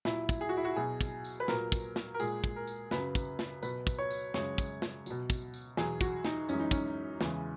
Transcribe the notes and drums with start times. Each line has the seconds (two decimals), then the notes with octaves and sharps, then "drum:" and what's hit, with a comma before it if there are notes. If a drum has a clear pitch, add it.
0.05 A#2 F#3 E4, drum: snare
0.29 drum: kick, tambourine
0.41 G#4
0.49 F#4
0.57 E4
0.65 F#4
0.76 B2 F#3 G#4
1.01 drum: kick, tambourine
1.24 drum: tambourine
1.40 B4
1.48 A#2 F#3 A#4, drum: snare
1.72 drum: kick, tambourine
1.96 drum: snare
2.14 A#4
2.20 A#2 G#3 G#4, drum: tambourine
2.44 drum: kick
2.56 A#4
2.67 drum: tambourine
2.91 F#2 C#3 F#3 B4, drum: snare
3.15 drum: kick, tambourine
3.39 drum: snare
3.63 B2 F#3 B4, drum: tambourine
3.87 drum: kick, tambourine
3.98 C#5
4.11 drum: tambourine
4.34 F#2 C#3 G#3 C#5, drum: snare
4.58 drum: kick, tambourine
4.82 drum: snare
5.06 B2 F#3, drum: tambourine
5.30 drum: kick, tambourine
5.54 drum: tambourine
5.77 E2 B2 F#3 G#4, drum: snare
6.01 F#4, drum: kick, tambourine
6.25 D#4, drum: snare
6.49 F#2 E3 G#3 C#4, drum: tambourine
6.60 D#4
6.71 C#4, drum: kick, tambourine
7.21 E2 C#3 E3 G#3, drum: snare